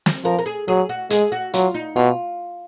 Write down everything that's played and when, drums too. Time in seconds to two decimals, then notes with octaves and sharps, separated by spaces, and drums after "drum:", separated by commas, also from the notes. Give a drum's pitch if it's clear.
0.06 drum: snare
0.24 F3 A#4
0.39 A#4
0.46 G#4
0.68 F#3 G#4
0.89 F#4
1.10 G#3 G#4, drum: hi-hat
1.32 F#4
1.54 F#3 F4, drum: hi-hat
1.74 D#4
1.95 B2 F4